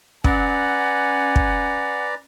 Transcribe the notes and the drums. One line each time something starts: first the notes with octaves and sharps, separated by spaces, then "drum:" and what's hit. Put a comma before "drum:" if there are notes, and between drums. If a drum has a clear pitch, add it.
C#4 B4 D5 F#5 G#5 A#5, drum: kick
drum: kick